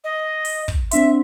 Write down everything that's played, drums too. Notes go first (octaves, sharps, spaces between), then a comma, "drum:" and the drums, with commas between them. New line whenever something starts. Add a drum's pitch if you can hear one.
D#5
drum: open hi-hat
drum: kick
C4 D4 E5 C6, drum: hi-hat